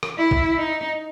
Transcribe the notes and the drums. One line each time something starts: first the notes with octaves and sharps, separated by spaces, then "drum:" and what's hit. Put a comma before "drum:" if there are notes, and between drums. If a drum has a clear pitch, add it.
drum: rim click
E4
drum: kick
D#4